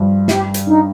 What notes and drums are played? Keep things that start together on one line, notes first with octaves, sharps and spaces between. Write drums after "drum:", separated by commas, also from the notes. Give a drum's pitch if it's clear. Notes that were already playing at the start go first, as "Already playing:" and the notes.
Already playing: G2 F3
G3 G4, drum: snare
drum: hi-hat
D4 D#4